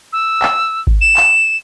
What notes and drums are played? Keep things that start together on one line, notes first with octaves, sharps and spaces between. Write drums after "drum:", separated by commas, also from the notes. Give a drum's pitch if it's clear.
E6
drum: clap
drum: kick G#1
E7
drum: clap